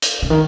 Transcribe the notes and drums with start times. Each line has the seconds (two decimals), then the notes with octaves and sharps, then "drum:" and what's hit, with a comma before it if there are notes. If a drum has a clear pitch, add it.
0.02 drum: hi-hat
0.22 C#3
0.30 D#3